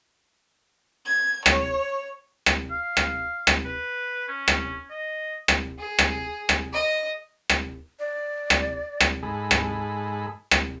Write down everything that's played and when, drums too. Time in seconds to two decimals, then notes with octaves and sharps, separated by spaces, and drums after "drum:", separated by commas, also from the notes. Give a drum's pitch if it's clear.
1.06 G#6
1.46 C#5, drum: rim click
2.46 drum: rim click
2.71 F5
2.97 drum: rim click
3.47 drum: rim click
3.65 B4
4.28 C#4
4.48 drum: rim click
4.90 D#5
5.48 drum: rim click
5.79 G#4
5.99 drum: rim click
6.49 drum: rim click
6.73 D#5
7.50 drum: rim click
7.99 D5
8.50 drum: rim click
9.00 drum: rim click
9.22 G#2 G#4 A4 B5
9.51 drum: rim click
10.51 drum: rim click